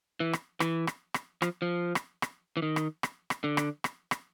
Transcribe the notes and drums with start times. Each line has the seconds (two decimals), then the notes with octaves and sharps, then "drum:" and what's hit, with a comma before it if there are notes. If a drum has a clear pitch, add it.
0.20 E3
0.33 drum: rim click
0.60 E3, drum: rim click
0.87 drum: rim click
1.14 drum: rim click
1.42 F3, drum: rim click
1.62 F3
1.95 drum: rim click
2.22 drum: rim click
2.57 E3
2.62 D#3
2.76 drum: rim click
3.03 drum: rim click
3.30 drum: rim click
3.44 D3
3.57 drum: rim click
3.84 drum: rim click
4.11 drum: rim click